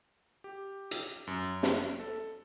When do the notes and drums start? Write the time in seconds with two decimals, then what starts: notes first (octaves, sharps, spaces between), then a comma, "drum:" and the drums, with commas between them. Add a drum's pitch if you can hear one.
0.44 G4
0.91 drum: hi-hat
1.27 F#2
1.63 drum: snare
2.00 A4